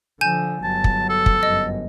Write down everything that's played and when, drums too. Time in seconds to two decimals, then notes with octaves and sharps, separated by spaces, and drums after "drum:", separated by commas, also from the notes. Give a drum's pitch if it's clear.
0.21 D3 F3 G#5 G6 E7
0.63 G1 F#3 A5
0.84 drum: kick
1.09 A4
1.26 drum: kick
1.43 G1 F#2 D#5